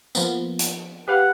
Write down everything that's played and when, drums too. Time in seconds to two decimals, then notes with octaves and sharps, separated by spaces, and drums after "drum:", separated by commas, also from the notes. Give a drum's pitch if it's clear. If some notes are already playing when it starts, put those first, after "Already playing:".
0.15 F3 A#3 B3, drum: tambourine
0.59 drum: hi-hat
1.08 G4 B4 F5 F#5